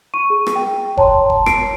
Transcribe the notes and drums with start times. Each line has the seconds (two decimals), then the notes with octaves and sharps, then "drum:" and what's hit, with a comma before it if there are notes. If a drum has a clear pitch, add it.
0.14 C#6 D#7
0.30 G#4
0.47 drum: rim click
0.56 G5
0.97 C#5 A5 A#5 C6, drum: kick F#1
1.30 drum: kick F#1
1.46 C7 D7, drum: rim click